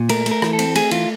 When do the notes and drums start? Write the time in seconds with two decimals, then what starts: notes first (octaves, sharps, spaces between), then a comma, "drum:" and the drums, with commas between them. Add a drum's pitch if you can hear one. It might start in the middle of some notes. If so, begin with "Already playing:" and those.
Already playing: A#2
0.09 A3 A#4, drum: cymbal
0.26 A3, drum: cymbal
0.31 A#4
0.42 E3, drum: rim click
0.53 A4
0.59 C4, drum: cymbal
0.75 A3 G#4, drum: cymbal
0.91 E3 F4, drum: cymbal